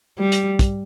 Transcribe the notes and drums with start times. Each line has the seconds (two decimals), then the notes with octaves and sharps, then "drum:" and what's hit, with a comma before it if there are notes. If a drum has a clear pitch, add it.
0.19 G3
0.32 drum: hi-hat
0.59 drum: kick, hi-hat